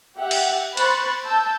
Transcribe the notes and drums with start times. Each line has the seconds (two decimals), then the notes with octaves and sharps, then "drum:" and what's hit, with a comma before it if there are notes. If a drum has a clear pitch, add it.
0.18 G4 E5 F#5
0.31 drum: cymbal
0.77 C5 B5 C#6 F#6 A6, drum: cymbal
1.25 A5 E6 G6